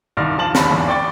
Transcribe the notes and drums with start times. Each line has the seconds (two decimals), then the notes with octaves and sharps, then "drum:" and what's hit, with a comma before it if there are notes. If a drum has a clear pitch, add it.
0.17 C2 G2 D#3 D5 F6 A#6
0.38 F3 A5 F#7
0.55 F1 D#2 C3 B5, drum: snare
0.70 G#1 E2
0.88 D5 G5 C#6 A6